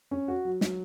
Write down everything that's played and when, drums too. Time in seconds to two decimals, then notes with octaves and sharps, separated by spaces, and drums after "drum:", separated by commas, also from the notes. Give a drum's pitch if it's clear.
0.11 C#4
0.28 F#4
0.45 F#3
0.61 F#3, drum: snare